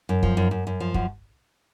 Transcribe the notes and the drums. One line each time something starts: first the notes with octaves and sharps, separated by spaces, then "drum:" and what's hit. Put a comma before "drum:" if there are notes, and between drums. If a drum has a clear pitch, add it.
F#2
F3, drum: kick
F#2
F#2
F#2
F3
F#2, drum: kick